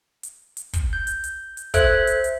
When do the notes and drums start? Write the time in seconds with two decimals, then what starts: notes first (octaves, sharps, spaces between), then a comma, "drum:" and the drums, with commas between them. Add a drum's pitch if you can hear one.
0.23 drum: hi-hat
0.57 drum: hi-hat
0.73 drum: kick, hi-hat
0.93 G6
1.07 drum: hi-hat
1.24 drum: hi-hat
1.57 drum: hi-hat
1.74 A4 C5 E5 F#6 G#6, drum: kick, hi-hat
2.07 drum: hi-hat
2.24 drum: hi-hat